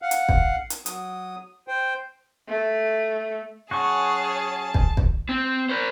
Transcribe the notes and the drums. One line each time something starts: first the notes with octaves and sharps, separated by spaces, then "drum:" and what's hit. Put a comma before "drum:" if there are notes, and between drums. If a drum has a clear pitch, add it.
F5 F#5
drum: hi-hat
drum: kick
drum: hi-hat
F#3 D#6, drum: hi-hat
C5 G5
A3
F#3 C#4 F#4 G#4 C#5 A5 C#6
drum: kick
drum: kick
C4
A#4 C5